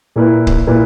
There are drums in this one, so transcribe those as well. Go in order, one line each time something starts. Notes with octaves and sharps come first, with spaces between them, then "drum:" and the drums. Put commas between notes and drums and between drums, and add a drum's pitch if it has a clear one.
A#2 A#3 E4 B4
drum: kick C#1
A#2 A#3 E4 B4